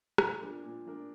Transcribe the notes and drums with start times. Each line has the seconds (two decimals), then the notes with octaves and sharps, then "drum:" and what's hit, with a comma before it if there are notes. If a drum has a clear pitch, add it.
0.18 A#2, drum: rim click
0.41 F3 D4 A#4
0.64 A#2
0.86 F3 D4 A#4